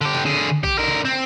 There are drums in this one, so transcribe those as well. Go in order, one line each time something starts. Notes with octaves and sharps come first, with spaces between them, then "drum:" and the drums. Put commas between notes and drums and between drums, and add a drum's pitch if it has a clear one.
D3 G4
drum: snare
D3 G#4
G4, drum: kick A#1
D3 A#4
drum: snare
C4